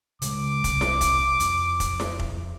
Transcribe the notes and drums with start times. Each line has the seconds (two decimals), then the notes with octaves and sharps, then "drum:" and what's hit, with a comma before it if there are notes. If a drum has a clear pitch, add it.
0.22 C#3 G#3 D6, drum: hi-hat
0.64 C2 C3, drum: kick F1, hi-hat
0.81 drum: snare E4
1.01 drum: kick F1, hi-hat
1.40 F2, drum: hi-hat
1.80 drum: kick F1, hi-hat
2.00 drum: snare E4
2.19 drum: kick F1